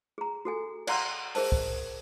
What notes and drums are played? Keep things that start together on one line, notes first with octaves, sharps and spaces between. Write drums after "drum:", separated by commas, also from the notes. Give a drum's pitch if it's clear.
G#4 A#5
F#4 A4 G#5
D5 F5 F#5 A#5 C6, drum: cymbal
G#4 A#4 C5 A5, drum: open hi-hat
drum: kick